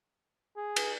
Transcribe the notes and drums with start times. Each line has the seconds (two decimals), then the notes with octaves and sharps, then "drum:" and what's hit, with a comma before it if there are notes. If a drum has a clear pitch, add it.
0.57 G#4
0.76 drum: cymbal